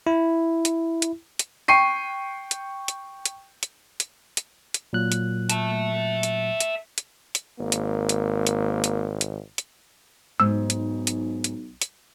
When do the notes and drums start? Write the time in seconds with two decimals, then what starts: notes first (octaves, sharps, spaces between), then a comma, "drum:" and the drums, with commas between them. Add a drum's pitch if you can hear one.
0.07 E4
0.65 drum: hi-hat
1.02 drum: hi-hat
1.39 drum: hi-hat
1.68 G5 C#6 C7 D#7
2.51 drum: hi-hat
2.88 drum: hi-hat
3.25 drum: hi-hat
3.63 drum: hi-hat
4.00 drum: hi-hat
4.37 drum: hi-hat
4.74 drum: hi-hat
4.93 A#2 F#3 F#6
5.12 drum: hi-hat
5.50 E5 A5, drum: hi-hat
6.23 drum: hi-hat
6.60 drum: hi-hat
6.98 drum: hi-hat
7.35 drum: hi-hat
7.59 G#1 A#3
7.72 drum: hi-hat
8.09 drum: hi-hat
8.47 drum: hi-hat
8.84 drum: hi-hat
9.21 drum: hi-hat
9.58 drum: hi-hat
10.40 B1 G#2 E6
10.70 drum: hi-hat
11.07 drum: hi-hat
11.44 drum: hi-hat
11.82 drum: hi-hat